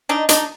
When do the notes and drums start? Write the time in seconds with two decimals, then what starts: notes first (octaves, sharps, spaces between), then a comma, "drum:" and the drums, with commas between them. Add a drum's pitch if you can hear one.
0.09 D4 D#4
0.29 D4 D#4, drum: hi-hat